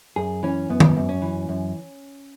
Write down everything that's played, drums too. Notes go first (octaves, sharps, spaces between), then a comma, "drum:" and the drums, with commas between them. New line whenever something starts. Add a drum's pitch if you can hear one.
F#2 G#4
E3 C#4
F#2 B3
drum: tom D#3
F#2
C#4
E3
F#2